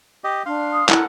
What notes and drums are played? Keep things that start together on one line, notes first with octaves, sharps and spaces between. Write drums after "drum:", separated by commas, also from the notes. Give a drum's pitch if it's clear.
G4 D#5
D4 F5 C6
D#6
E4 A4 A#4 F#5, drum: clap